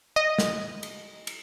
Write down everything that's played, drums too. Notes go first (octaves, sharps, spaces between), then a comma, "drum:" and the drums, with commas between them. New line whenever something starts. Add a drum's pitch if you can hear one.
D#5
drum: snare
drum: cymbal
drum: cymbal